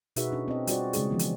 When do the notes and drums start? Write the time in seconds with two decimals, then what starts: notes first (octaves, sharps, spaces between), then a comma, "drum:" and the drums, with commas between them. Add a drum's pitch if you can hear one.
0.16 B2 D#4 F#4 G#4 B4 E5, drum: hi-hat
0.31 C#4 D4 E4
0.48 C4 D#5
0.67 G3 F4 F#4 C5 D5, drum: hi-hat
0.93 C#3 G#3 C#4 D#4 G#4, drum: hi-hat
1.10 E3 F3 B3
1.19 drum: hi-hat